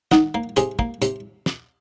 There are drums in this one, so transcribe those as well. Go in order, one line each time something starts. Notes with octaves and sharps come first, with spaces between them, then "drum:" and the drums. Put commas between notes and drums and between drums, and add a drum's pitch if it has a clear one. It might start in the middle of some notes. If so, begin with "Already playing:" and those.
D#3 D#5 F#5, drum: snare
A#3
C3 G#4 C5, drum: hi-hat
A#3, drum: kick
C3, drum: hi-hat
drum: snare